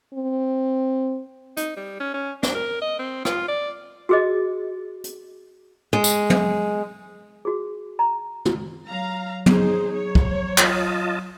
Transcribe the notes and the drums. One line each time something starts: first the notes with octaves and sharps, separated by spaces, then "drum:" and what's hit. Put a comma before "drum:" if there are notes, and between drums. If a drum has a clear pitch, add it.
C4
D#4, drum: hi-hat
G3
C#4
C#4
D4, drum: snare
A#4
D#5
C4
F4, drum: rim click
D5
F#4 G#4 D#5
drum: hi-hat
G#3
drum: tambourine
drum: tom
F#4 G#4
A#5
drum: tom
F#3 F5 A#5
D#4 G#4 C5, drum: tom
C#5
drum: kick
F4 D#5 A5, drum: clap